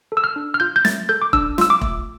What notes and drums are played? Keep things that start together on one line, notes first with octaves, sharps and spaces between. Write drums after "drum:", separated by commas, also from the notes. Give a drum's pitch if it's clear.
A4
E6
F6
D4
F6
F4 G6
G6
A3 A6, drum: snare
A4 G6
D6
D4 E6, drum: kick E1
F4 E6, drum: snare
D6
A3, drum: kick E1